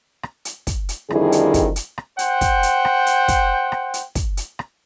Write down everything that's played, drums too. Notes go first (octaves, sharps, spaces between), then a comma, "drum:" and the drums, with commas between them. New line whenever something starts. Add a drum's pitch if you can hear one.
drum: rim click
drum: hi-hat
drum: kick, hi-hat
drum: hi-hat
F2 D3 D#3 G3 E4 G#4, drum: rim click
drum: hi-hat
drum: kick, hi-hat
drum: hi-hat
drum: rim click
C5 F#5 G5, drum: hi-hat
drum: kick, hi-hat
drum: hi-hat
drum: rim click
drum: hi-hat
drum: kick, hi-hat
drum: rim click
drum: hi-hat
drum: kick, hi-hat
drum: hi-hat
drum: rim click